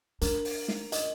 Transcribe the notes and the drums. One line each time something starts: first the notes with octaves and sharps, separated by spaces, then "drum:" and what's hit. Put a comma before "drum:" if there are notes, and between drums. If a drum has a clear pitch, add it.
D4 A#4, drum: hi-hat
drum: open hi-hat
drum: snare
D#5, drum: hi-hat